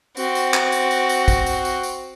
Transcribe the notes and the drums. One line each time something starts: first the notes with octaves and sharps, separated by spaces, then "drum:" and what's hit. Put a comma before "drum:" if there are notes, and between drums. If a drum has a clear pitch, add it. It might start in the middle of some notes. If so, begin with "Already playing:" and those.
C4 F#4, drum: tambourine
drum: tambourine
drum: clap
drum: tambourine
drum: tambourine
drum: tambourine
drum: kick, tambourine
drum: tambourine
drum: tambourine
drum: tambourine